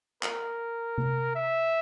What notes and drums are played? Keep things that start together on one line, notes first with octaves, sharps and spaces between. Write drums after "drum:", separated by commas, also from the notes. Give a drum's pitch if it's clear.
A#4, drum: clap
drum: tom C3
E5